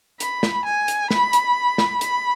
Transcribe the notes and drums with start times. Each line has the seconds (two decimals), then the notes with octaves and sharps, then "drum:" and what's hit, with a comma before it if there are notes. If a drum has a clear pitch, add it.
0.20 B5, drum: hi-hat
0.43 drum: snare
0.65 G#5
0.88 drum: hi-hat
1.11 B5, drum: snare
1.33 drum: hi-hat
1.78 drum: snare
2.01 B5, drum: hi-hat